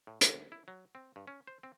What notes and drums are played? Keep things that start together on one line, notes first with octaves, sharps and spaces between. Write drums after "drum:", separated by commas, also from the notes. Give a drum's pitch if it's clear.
A2
D3, drum: hi-hat
D2
E4
F#3
C4
G2
C#4
C5
C4